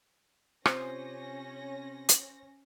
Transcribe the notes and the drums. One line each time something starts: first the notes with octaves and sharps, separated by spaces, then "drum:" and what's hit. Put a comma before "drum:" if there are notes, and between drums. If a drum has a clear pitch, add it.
C3 C#4 F4 C5 A#6, drum: rim click
drum: hi-hat